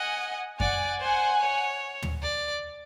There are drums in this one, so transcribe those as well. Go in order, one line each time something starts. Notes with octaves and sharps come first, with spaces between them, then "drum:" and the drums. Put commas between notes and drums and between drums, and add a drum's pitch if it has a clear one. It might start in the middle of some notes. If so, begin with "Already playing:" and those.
Already playing: D#5 F#5 G#5
D5 F#5 G#5, drum: kick F#2
C5 F#5 G#5
C#5
drum: tom
D5